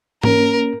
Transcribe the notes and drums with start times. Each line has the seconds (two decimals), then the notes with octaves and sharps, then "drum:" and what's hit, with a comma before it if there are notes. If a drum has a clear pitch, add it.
0.23 A#3 C#4 A#4, drum: tom G#2